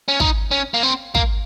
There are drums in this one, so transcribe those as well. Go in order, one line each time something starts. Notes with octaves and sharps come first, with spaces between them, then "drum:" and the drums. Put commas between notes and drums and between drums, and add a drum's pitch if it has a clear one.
C#4
D#4, drum: kick
C#4
A#3
C4
A#3, drum: kick